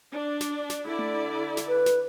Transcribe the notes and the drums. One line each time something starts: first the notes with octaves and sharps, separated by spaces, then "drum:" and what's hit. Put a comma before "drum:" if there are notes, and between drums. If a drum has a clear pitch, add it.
D4
drum: snare
drum: snare
D3 E4 D5
drum: tom A3
drum: snare
B4
drum: snare